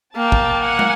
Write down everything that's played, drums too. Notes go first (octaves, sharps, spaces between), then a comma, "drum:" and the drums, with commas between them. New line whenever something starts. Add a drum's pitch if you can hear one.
A#3 G5 A5
drum: kick
F#5 G#5
drum: tom